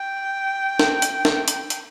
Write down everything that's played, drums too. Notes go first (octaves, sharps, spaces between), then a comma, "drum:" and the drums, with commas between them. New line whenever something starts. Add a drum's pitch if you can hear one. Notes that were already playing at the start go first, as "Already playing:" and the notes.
Already playing: G5
drum: snare
drum: hi-hat
drum: snare
drum: hi-hat
drum: hi-hat